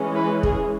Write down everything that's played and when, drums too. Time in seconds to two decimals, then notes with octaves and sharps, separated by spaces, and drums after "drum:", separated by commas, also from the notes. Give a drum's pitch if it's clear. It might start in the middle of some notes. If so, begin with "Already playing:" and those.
Already playing: E3 G#3 C#4
0.14 B4
0.43 G#4, drum: kick